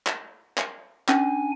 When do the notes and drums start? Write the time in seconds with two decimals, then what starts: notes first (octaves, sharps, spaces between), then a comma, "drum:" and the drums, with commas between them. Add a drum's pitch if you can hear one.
0.07 drum: clap
0.58 drum: clap
1.09 C#4 D4 G#5, drum: clap